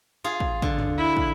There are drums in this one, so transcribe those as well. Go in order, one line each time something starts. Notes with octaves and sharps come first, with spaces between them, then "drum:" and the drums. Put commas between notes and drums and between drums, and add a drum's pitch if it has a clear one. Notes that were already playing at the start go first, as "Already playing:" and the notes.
F4 G#4
drum: kick
D3, drum: kick
drum: tom
E4
drum: kick